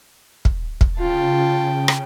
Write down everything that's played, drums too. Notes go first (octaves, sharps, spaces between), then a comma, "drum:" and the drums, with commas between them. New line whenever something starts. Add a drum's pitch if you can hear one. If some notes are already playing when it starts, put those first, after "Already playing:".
drum: kick
drum: kick
C#3 F4 G5 A5
drum: rim click